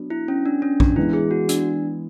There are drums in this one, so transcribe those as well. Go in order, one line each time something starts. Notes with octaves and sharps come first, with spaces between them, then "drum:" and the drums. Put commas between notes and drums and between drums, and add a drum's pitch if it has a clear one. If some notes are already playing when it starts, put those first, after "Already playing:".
Already playing: F#3 B3 D4
E4
C#4
D4
C#4
D4, drum: kick A#1
E3 G#3 B3 E4
G#4
F#4
D4, drum: hi-hat